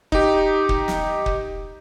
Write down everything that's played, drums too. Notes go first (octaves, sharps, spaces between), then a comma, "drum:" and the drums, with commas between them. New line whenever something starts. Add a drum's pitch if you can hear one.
D#4 G4, drum: kick
drum: kick
drum: snare
drum: kick